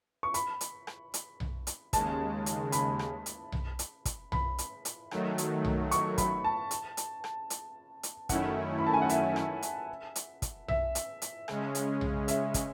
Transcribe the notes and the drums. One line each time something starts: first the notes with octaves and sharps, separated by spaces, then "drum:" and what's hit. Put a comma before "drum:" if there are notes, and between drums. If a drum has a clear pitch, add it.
C#6
B5, drum: hi-hat
drum: hi-hat
drum: rim click
drum: hi-hat
drum: tom B1
drum: hi-hat
D#2 C#3 G#3 A5, drum: kick, hi-hat
drum: hi-hat
B5, drum: hi-hat
drum: rim click
drum: hi-hat
drum: tom B1
drum: hi-hat
drum: kick, hi-hat
B5, drum: tom B1
drum: hi-hat
drum: hi-hat
D#3 F#3 A3, drum: rim click
drum: hi-hat
drum: tom B1
C#6, drum: hi-hat
B5, drum: kick, hi-hat
A5
drum: hi-hat
drum: hi-hat
drum: rim click
drum: hi-hat
drum: hi-hat
F#2 D#3 A3 C#4 E4 F#5, drum: kick, hi-hat
B5
A5
G#5
F#5
E5, drum: hi-hat
drum: rim click
drum: hi-hat
drum: hi-hat
drum: kick, hi-hat
E5, drum: tom B1
drum: hi-hat
drum: hi-hat
C#3 G#3 C#4, drum: rim click
drum: hi-hat
drum: tom B1
E5, drum: hi-hat
drum: kick, hi-hat